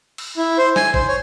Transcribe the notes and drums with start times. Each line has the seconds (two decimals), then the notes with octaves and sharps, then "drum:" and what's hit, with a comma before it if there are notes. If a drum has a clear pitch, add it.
0.18 drum: cymbal
0.37 E4
0.58 C5
0.76 G#5, drum: snare
0.94 C5, drum: kick G#1
1.08 C#5